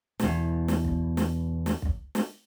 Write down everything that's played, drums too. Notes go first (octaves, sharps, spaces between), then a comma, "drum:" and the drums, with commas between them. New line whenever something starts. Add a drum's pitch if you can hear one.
E2 B2, drum: snare
drum: snare
drum: kick
drum: snare
drum: snare
drum: kick
drum: snare